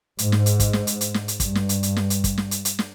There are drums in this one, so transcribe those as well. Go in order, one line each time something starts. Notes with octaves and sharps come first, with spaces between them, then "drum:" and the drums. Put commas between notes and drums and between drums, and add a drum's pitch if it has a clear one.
G#2, drum: hi-hat
drum: snare
drum: hi-hat
drum: kick, hi-hat
drum: snare
drum: hi-hat
drum: hi-hat
drum: snare
drum: hi-hat
G2, drum: kick, hi-hat
drum: snare
drum: hi-hat
drum: hi-hat
drum: snare
drum: hi-hat
drum: kick, hi-hat
drum: snare
drum: hi-hat
drum: hi-hat
drum: snare